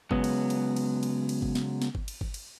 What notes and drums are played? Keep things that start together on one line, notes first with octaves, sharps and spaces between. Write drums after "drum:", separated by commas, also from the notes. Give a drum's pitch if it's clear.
C#3 F#3 G#3 B3, drum: kick G1
drum: cymbal
drum: cymbal
drum: cymbal
drum: cymbal
drum: cymbal
drum: kick G1
drum: snare
drum: snare
drum: kick G1
drum: cymbal
drum: kick G1
drum: cymbal